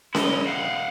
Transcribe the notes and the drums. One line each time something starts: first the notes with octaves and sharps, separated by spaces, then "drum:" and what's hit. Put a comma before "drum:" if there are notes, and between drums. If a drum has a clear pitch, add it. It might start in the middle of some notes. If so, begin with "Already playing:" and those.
E4 D#5, drum: snare C#4
F5 F#5